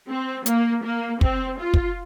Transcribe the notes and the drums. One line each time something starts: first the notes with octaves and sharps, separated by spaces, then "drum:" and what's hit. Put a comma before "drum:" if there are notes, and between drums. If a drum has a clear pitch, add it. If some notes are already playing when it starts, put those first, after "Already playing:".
C4
A#3, drum: hi-hat
A#3
C4, drum: kick
F4
drum: kick